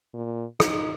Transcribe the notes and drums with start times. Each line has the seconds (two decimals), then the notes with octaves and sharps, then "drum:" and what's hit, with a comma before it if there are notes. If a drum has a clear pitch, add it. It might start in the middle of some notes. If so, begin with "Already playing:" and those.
0.14 A#2
0.60 D#4, drum: rim click